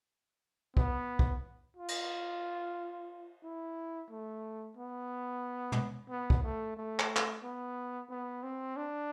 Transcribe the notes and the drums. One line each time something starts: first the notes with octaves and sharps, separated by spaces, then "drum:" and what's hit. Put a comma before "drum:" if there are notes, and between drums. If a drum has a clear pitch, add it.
B3, drum: kick
drum: kick
F4
drum: cymbal
E4
A3
B3
drum: tom
B3
drum: kick
A3
A3
drum: clap
drum: clap
B3
B3
C4
D4